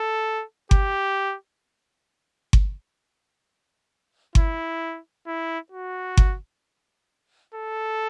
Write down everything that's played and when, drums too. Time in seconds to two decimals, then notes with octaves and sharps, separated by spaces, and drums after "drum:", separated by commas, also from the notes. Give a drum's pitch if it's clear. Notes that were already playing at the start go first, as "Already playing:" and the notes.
Already playing: A4
0.71 G4, drum: kick G1
2.53 drum: kick G1
4.35 E4, drum: kick G1
5.26 E4
5.72 F#4
6.17 drum: kick G1
7.54 A4